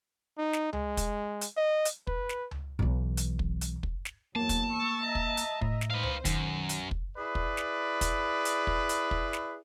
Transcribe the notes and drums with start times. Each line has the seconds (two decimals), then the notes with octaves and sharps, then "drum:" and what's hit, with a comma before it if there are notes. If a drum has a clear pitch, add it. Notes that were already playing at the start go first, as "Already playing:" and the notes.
0.38 D#4
0.53 drum: snare
0.73 G#3, drum: tom C#2
0.97 drum: kick, hi-hat
1.41 drum: hi-hat
1.57 D#5
1.85 drum: hi-hat
2.07 B4, drum: kick
2.29 drum: snare
2.51 drum: tom C#2
2.79 B1 E3
3.17 drum: hi-hat
3.39 drum: kick
3.61 drum: hi-hat
3.83 drum: kick
4.05 drum: snare
4.36 E2 F#3 A#3 A5
4.49 drum: kick, hi-hat
4.73 C#6 E6
5.05 D#5 E5 A#5
5.15 drum: kick
5.37 drum: hi-hat
5.61 A2, drum: kick
5.81 drum: snare
5.91 D#4 B4 C5 F5
6.03 drum: tom C#2
6.25 B1 F#2 D#3, drum: kick, hi-hat
6.69 drum: hi-hat
6.91 drum: kick
7.18 E4 G#4 B4 D5
7.35 drum: kick
7.57 drum: snare
8.01 drum: kick, hi-hat
8.45 drum: hi-hat
8.67 drum: kick
8.89 drum: hi-hat
9.11 drum: kick
9.33 drum: snare